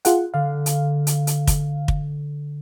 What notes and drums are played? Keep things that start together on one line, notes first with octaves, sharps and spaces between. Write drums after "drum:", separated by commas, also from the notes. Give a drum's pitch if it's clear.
F4 G#4 F#5, drum: hi-hat
D3 F5
drum: hi-hat
drum: hi-hat
drum: hi-hat
drum: kick, hi-hat
drum: kick